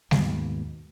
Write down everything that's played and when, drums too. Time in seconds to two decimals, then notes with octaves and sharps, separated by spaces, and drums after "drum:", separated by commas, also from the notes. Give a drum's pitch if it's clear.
0.11 D#2 G#2 B2 B3, drum: snare G3